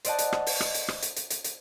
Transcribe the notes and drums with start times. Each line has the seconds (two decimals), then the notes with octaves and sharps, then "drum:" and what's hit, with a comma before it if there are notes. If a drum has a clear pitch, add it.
0.05 C5 D5 D#5 F#5 A5, drum: hi-hat
0.19 drum: hi-hat
0.33 drum: rim click
0.46 drum: open hi-hat
0.60 drum: rim click
0.74 drum: hi-hat
0.88 drum: rim click
1.02 drum: hi-hat
1.16 drum: hi-hat
1.30 drum: hi-hat
1.44 drum: hi-hat